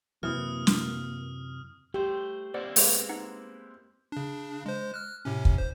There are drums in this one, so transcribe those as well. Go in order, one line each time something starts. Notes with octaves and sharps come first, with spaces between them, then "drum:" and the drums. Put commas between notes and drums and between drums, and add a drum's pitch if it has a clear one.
F#2 C3 E3 F#3 A#3 D#6 F6
drum: snare
A3 G4 C5
A#3 C4 E4 C5 D5 F#5
G#3 B3, drum: open hi-hat
D#4 F#5 A#5
C#3 D4
G#3 C5
F6 F#6
A2 C3 C#4
drum: kick
C5